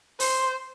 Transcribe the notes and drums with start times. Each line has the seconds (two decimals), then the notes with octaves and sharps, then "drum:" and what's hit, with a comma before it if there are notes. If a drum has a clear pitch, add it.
0.20 C5, drum: open hi-hat